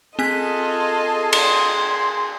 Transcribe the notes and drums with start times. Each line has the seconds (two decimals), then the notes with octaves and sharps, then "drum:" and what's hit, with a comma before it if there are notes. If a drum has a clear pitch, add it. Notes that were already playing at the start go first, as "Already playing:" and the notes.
0.19 C4 F4 G#4 A4 D#5 F#6 B6
1.33 C6, drum: cymbal